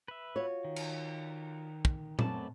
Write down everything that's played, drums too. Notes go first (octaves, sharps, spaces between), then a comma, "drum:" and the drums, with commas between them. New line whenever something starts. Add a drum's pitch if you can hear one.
B4 E5
F4 F#4 C#5
D#3
drum: cymbal
drum: kick
F#2 A3 B3 C4 D5 A5, drum: tom A#2